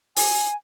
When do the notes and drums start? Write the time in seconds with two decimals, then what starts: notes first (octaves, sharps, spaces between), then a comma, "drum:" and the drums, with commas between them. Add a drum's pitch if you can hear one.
0.16 G#5, drum: open hi-hat